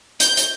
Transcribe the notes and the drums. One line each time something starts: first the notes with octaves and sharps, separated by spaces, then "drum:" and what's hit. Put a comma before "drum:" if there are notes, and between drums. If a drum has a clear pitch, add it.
G6, drum: hi-hat
drum: hi-hat